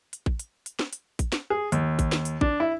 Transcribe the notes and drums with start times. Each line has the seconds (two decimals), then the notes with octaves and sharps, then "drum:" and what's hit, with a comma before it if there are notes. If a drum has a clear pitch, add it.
0.13 drum: hi-hat
0.26 drum: kick A1
0.39 drum: hi-hat
0.66 drum: hi-hat
0.79 drum: snare
0.93 drum: hi-hat
1.19 drum: kick A1, hi-hat
1.32 drum: snare
1.50 G#4
1.72 D#2, drum: hi-hat
1.99 drum: kick A1, hi-hat
2.12 drum: snare
2.25 drum: hi-hat
2.41 D4, drum: kick A1
2.60 E4